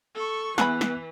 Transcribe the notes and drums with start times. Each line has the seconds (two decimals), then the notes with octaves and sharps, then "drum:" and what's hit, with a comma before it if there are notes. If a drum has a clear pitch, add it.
0.15 A4 C#6
0.58 E3 B3 E4 G#4 B5 F#6, drum: snare
0.81 drum: snare